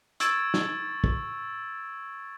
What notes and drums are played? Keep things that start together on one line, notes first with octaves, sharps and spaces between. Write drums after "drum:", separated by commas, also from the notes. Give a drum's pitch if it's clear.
C#6 E6 G#6 A6 D7 E7, drum: hi-hat
drum: snare
drum: kick